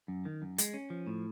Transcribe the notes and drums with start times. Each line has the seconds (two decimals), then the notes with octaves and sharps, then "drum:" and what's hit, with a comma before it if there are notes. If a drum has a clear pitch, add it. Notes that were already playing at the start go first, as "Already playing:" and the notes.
0.08 F#2
0.25 D#3
0.42 F#2
0.58 G#3, drum: hi-hat
0.74 C#4
0.90 F3
1.07 A2